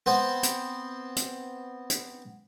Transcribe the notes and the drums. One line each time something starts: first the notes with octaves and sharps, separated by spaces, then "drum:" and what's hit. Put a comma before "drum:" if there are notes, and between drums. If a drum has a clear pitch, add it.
B3 C4 C5
drum: hi-hat
drum: hi-hat
drum: hi-hat